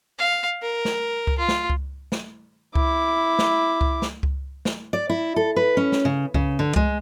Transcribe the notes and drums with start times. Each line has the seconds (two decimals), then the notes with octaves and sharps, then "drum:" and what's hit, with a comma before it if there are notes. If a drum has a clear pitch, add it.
0.19 F5
0.62 A#4
0.85 drum: snare
1.27 drum: kick C#2
1.38 F4
1.48 drum: snare
1.70 drum: kick C#2
2.12 drum: snare
2.75 E4 D6, drum: kick C#2
3.39 drum: snare
3.81 drum: kick C#2
4.02 drum: snare
4.23 drum: kick C#2
4.65 drum: snare
4.93 D5
5.09 E4
5.36 A4
5.56 B4
5.77 C#4
5.92 drum: snare
6.05 C#3
6.34 C#3, drum: kick C#2
6.59 D3
6.76 G#3, drum: kick C#2